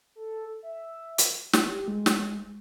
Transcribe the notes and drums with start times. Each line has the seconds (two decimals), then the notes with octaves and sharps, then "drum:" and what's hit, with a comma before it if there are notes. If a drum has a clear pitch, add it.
0.16 A4
0.63 E5
1.18 drum: hi-hat
1.53 E4, drum: snare
1.69 G4
1.88 G#3
2.06 drum: snare